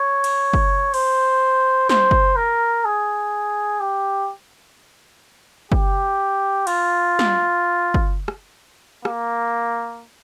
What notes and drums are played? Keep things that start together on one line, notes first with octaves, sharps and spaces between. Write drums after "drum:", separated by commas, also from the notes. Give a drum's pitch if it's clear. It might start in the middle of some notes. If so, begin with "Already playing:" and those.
Already playing: C#5
drum: cymbal
drum: kick
C5, drum: cymbal
C5, drum: snare
drum: kick
A#4
G#4
G4
G4, drum: kick
F4, drum: cymbal
drum: snare
drum: kick
drum: rim click
A#3, drum: rim click